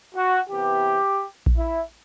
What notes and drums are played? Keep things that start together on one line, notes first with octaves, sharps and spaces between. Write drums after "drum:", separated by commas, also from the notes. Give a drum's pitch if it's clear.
F#4
C3 E3 B3 G4
drum: kick A#1
E4